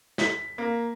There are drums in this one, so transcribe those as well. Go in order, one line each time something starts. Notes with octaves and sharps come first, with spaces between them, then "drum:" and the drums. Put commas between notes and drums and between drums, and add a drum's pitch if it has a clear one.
B6, drum: snare
A#3